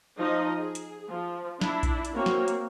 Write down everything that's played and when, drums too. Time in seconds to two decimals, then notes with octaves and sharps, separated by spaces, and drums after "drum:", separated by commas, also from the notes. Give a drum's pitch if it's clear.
0.18 F3 D#4 D#5
0.59 G#4
0.75 drum: hi-hat
1.10 F3
1.61 D4 E4, drum: snare
1.83 drum: kick A#1, hi-hat
2.05 drum: hi-hat
2.14 A#3 C4 F#4 C#5
2.26 drum: snare
2.48 drum: hi-hat